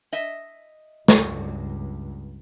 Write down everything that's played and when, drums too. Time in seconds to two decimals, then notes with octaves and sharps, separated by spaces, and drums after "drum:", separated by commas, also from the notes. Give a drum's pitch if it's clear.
0.12 D#5 E5
1.08 C#2 G2 F#3 C#5, drum: snare